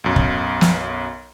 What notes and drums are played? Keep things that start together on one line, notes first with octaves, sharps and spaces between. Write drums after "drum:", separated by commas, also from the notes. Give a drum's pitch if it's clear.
B1 F#2
drum: kick
drum: snare